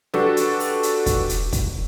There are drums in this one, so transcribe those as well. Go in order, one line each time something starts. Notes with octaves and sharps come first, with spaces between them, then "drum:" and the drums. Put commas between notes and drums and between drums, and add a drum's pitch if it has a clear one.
D4 F#4 G4 A4 B4, drum: snare
drum: hi-hat
drum: open hi-hat
drum: hi-hat
drum: kick, hi-hat
drum: hi-hat
drum: kick, hi-hat